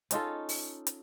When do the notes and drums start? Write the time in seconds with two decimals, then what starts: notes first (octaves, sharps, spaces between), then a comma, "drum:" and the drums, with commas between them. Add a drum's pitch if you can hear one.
0.11 C#4 D#4 F4 A4, drum: hi-hat
0.49 drum: open hi-hat
0.87 drum: hi-hat